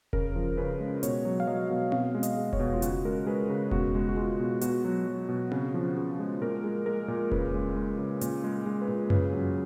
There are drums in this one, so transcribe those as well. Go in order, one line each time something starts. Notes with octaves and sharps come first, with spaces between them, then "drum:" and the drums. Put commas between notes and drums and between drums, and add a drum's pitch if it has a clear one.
C#3 A#4, drum: kick E1
F3
C#3 B4
G#3
B2 C#5, drum: hi-hat
F#3
F5
F#3 D#5
B2
B2 F5, drum: tom C4
G#3
D#5, drum: hi-hat
G#3
C#5, drum: kick E1
B2
F4
C#3 F#4, drum: hi-hat
G#3 A#4
G#3 B4
C#3 A#4
B2 F#4, drum: kick E1
G#3
F#4
G#3 F4
B2
B2 F#4, drum: hi-hat
F#3
F#3
B2
C#3, drum: tom C4
F3
C#3
G#3
A#2 A#4
G#3
G#3 A#4
A#2
C#3 B4, drum: kick E1
G#3
G#3
C#3
A#2, drum: hi-hat
G#3
G#3
B4
A#2
C#3 B4, drum: tom F#2
F#3